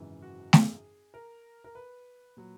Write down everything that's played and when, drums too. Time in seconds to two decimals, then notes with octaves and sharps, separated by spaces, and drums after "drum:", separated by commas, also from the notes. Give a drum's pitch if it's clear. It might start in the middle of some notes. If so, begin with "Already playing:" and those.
Already playing: G#1 F#2 C#3 E3
0.22 F#4
0.53 G#4, drum: snare A3
1.14 A#4
1.64 A#4
1.75 B4
2.37 A#2 F#3